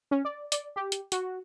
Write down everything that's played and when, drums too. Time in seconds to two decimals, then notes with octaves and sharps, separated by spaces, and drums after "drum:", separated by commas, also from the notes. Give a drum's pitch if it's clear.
0.11 C#4
0.25 D5
0.52 D5, drum: hi-hat
0.76 G4
0.92 drum: hi-hat
1.12 F#4, drum: hi-hat